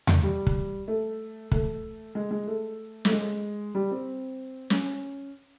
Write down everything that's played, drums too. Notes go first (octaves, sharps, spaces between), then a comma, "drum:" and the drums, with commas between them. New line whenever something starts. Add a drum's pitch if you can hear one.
drum: tom E2
G3
drum: kick
A3
A3, drum: kick
G#3
G#3
A3
A3, drum: snare
G#3
G3
C4
C#4, drum: snare